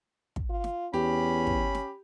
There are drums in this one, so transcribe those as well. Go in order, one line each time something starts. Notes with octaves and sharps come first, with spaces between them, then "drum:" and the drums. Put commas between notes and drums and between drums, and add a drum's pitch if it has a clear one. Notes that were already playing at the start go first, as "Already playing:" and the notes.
drum: kick
F4
drum: snare
E2 C#4 G4 B5
drum: kick
drum: snare